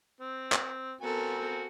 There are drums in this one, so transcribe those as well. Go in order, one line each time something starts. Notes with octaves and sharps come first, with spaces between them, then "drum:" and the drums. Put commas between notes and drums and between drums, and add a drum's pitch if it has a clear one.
C4
drum: clap
B3 C4 F#4 A4 A#4 G#5